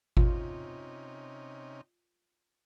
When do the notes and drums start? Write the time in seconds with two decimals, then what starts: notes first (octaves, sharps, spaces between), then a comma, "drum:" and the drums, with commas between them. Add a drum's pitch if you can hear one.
0.17 C3 C#4 D#4 F4, drum: kick G#1